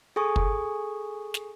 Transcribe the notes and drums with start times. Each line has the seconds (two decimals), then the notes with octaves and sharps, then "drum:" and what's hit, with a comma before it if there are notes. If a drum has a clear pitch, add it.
0.16 G#4 A4 G#5 C#6 D#6
0.36 drum: kick
1.34 drum: snare